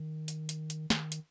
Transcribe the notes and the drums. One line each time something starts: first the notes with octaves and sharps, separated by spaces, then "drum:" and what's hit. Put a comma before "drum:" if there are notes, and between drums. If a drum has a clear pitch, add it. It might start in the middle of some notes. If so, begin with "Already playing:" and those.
Already playing: D#3
drum: hi-hat
drum: hi-hat
drum: hi-hat
D#3, drum: snare
drum: hi-hat